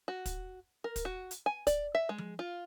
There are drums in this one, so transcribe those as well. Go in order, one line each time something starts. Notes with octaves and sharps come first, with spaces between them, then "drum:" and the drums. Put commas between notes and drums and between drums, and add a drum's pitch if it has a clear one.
F#4
drum: kick, hi-hat
A#4
drum: kick, hi-hat
F#4
drum: hi-hat
G#5
D5, drum: kick, hi-hat
E5
G#3
drum: tom F3
F4